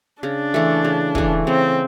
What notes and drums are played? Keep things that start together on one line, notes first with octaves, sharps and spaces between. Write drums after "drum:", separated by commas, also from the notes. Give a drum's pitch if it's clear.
C#3 D4
E3 A3
C#3
E3 A3, drum: kick
C#3 C4